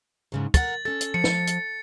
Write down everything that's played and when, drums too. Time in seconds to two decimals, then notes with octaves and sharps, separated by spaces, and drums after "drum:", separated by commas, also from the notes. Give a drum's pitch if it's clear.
0.32 G#2 C#3 F#3
0.54 A#4 F#5 A6, drum: kick, hi-hat
0.85 C#4 A4 A6
1.01 drum: hi-hat
1.14 F3 C#7
1.24 drum: snare
1.47 drum: hi-hat